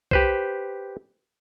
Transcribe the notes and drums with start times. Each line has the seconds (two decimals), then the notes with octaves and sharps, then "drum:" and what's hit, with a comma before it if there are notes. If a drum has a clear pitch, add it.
0.11 G4 B4 C5, drum: kick B1